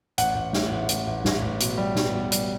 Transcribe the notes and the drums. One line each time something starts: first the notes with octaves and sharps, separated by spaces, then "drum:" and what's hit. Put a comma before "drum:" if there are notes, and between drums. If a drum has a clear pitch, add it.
A1 F#5, drum: hi-hat
A1
A2, drum: snare
A1
A1, drum: hi-hat
A1
A1, drum: snare
A1
B2, drum: hi-hat
G3
B2, drum: snare
B2
G3, drum: hi-hat